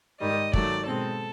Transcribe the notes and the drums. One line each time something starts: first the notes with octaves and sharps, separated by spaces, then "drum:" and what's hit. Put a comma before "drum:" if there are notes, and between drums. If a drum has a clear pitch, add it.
G#2 D#3 G3 D#5
G#2 D#3 F#3 A3 D5, drum: kick
B2 G#3 C4 A4